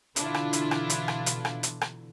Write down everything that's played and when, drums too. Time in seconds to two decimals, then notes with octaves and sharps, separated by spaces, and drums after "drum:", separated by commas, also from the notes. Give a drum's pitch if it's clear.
0.16 B2 D3 E3 D4 E4 F4, drum: hi-hat
0.34 drum: rim click
0.53 drum: hi-hat
0.71 drum: rim click
0.90 drum: hi-hat
1.08 drum: rim click
1.26 drum: hi-hat
1.45 drum: rim click
1.63 drum: hi-hat
1.81 drum: rim click